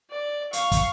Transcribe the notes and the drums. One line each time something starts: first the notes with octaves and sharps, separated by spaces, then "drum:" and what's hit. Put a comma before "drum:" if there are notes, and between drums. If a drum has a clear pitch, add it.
D5
F5 C#6, drum: hi-hat
drum: kick, hi-hat